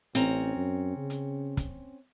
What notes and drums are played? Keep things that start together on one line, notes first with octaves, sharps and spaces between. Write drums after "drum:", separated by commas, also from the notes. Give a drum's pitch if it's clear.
A1 C4 C#4 A#5, drum: hi-hat
F#2
C#3
drum: hi-hat
drum: kick, hi-hat